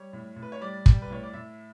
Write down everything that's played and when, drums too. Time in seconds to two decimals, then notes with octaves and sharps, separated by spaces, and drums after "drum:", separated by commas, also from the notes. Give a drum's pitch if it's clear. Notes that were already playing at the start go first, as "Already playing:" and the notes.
Already playing: G3 C#5
0.13 A2
0.36 A2
0.42 B4
0.52 C#5
0.61 G3 D5
0.86 G3, drum: kick
1.02 B4
1.10 A2 C#5
1.23 D5
1.34 A2 E5